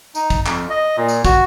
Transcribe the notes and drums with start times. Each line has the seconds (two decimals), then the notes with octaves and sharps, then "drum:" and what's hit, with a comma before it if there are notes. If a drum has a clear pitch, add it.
0.15 D#4, drum: tambourine
0.30 drum: kick, tambourine
0.46 F2, drum: clap
0.70 D#5
0.97 A#2
1.09 drum: tambourine
1.25 F#4, drum: kick, tambourine